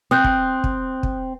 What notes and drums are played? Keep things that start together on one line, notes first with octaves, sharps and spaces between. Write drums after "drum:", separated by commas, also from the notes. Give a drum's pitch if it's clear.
C4 D#6 F#6 G6
drum: kick
drum: kick
drum: kick